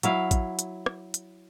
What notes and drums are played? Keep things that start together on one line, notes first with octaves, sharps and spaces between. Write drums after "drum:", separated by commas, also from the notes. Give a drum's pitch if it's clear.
F#3 E4 F5, drum: hi-hat
drum: kick A1, hi-hat
drum: hi-hat
drum: rim click
drum: hi-hat